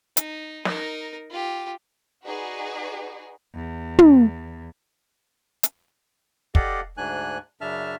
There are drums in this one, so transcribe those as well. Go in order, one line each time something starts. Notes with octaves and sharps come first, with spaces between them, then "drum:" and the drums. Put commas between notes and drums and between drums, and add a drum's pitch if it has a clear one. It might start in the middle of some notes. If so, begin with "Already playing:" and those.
D#4, drum: hi-hat
D#4 A#4, drum: snare
F4 G4
D#4 F#4 G#4 B4 D5
E2
drum: tom
drum: hi-hat
G4 A4 D5 D#5 F5 F#5, drum: kick
D2 G#2 D4 G#5 F#6
F#2 C#3 D4 E5 A5 F6